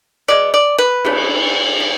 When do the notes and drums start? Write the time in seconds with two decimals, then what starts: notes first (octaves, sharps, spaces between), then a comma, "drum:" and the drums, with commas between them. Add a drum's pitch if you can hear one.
0.28 B2 G#3 B3 D5
0.54 D5
0.78 B4
1.05 C3 E3 A3, drum: cymbal
1.80 E3